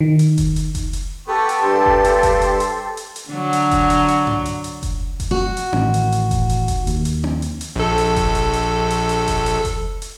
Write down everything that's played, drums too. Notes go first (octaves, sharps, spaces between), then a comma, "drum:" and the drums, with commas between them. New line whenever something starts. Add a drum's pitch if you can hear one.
D#3
drum: hi-hat
drum: kick F1, hi-hat
drum: hi-hat
drum: kick F1, hi-hat
drum: hi-hat
B3 G4 A4 G5 C#6
drum: hi-hat
G2 C5 A5 C6
drum: kick F1
drum: hi-hat
drum: kick F1, hi-hat
drum: hi-hat
drum: hi-hat
drum: hi-hat
drum: hi-hat
D3 F#3
drum: hi-hat
drum: kick F1, hi-hat
drum: hi-hat
drum: hi-hat
drum: tom G2
drum: hi-hat
drum: hi-hat
drum: kick F1, hi-hat
drum: kick F1, hi-hat
F#4
drum: hi-hat
A1 D#3, drum: tom C4
drum: hi-hat
drum: hi-hat
drum: kick F1, hi-hat
drum: hi-hat
drum: kick F1, hi-hat
D#2, drum: hi-hat
drum: hi-hat
drum: tom C4
drum: hi-hat
drum: hi-hat
A#1 A4
drum: hi-hat
drum: kick F1, hi-hat
drum: hi-hat
drum: hi-hat
drum: hi-hat
drum: hi-hat
drum: kick F1, hi-hat
drum: hi-hat
drum: kick F1, hi-hat
drum: hi-hat